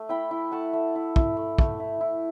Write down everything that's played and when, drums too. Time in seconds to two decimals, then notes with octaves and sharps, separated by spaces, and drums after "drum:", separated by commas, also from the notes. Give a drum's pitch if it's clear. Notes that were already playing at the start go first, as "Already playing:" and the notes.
Already playing: A3
0.09 E4 G5 B5
0.31 E4
0.52 A3 F#5 A5
0.73 A3
0.95 E4
1.16 E4, drum: kick
1.37 A3
1.58 A3, drum: kick
1.80 E4
2.01 E4